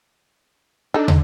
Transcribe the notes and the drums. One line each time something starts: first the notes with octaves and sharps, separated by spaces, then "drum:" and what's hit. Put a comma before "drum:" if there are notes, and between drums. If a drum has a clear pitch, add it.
D4 D#4 A4
D3, drum: tom